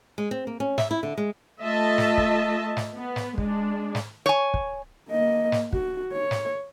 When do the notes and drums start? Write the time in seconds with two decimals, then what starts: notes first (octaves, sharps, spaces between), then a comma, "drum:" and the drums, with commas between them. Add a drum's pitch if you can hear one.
0.18 G#3
0.31 C4
0.47 A#3
0.60 C#4
0.78 E5, drum: snare
0.91 E4
1.03 D3
1.18 G#3
1.62 A3 F4 D#5 E5 A5
1.98 drum: snare
2.18 drum: kick
2.77 drum: snare
2.96 B3
3.16 drum: snare
3.38 G#3 D4, drum: kick
3.95 drum: snare
4.26 C#5 G#5
4.54 drum: kick
5.10 A#3 D#5
5.52 drum: snare
5.73 F#4, drum: kick
6.13 C#5
6.31 drum: snare